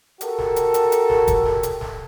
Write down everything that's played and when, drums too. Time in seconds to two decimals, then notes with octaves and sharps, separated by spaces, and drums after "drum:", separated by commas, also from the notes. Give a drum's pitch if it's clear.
0.21 F#4 G4 A4 A#4, drum: hi-hat
0.38 drum: snare
0.56 drum: hi-hat
0.74 drum: hi-hat
0.92 drum: hi-hat
1.10 drum: snare
1.28 drum: kick, hi-hat
1.45 drum: snare
1.63 drum: hi-hat
1.81 drum: snare